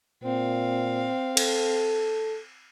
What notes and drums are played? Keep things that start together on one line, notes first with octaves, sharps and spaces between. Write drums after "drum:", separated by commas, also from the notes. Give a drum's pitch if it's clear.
A#2 C4 F5
A4, drum: cymbal